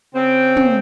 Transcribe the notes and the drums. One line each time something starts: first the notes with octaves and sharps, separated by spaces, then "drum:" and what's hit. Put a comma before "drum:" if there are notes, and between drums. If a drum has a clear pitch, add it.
C#3 C4
drum: tom